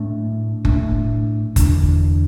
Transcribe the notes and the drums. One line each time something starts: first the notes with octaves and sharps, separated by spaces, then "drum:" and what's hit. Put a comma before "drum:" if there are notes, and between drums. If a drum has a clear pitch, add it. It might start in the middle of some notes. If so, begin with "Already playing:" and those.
Already playing: A2 A3 D4
A2 A3 D4, drum: kick F#1
E2 D3 A3 D4, drum: kick F#1, hi-hat